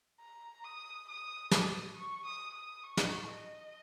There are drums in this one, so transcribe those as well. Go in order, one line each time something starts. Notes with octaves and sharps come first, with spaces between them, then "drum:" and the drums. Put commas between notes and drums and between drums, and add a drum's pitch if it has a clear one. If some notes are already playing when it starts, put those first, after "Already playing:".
A#5
D#6
D#6
D#6, drum: snare
C#6
D#6
D#6
C#6
drum: snare
D#5